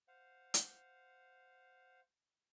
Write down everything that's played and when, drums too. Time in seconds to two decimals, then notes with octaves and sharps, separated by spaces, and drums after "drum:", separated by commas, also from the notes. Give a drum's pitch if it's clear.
0.08 C5 F5 F#5
0.54 drum: hi-hat